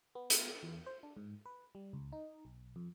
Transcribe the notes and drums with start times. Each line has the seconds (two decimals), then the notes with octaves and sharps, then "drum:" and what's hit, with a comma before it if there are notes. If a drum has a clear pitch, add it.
0.15 B3
0.30 drum: hi-hat
0.63 E2
0.86 C5
1.03 D4
1.17 G#2
1.46 B4
1.75 G3
1.93 C#2
2.12 D#4
2.45 B1
2.76 F2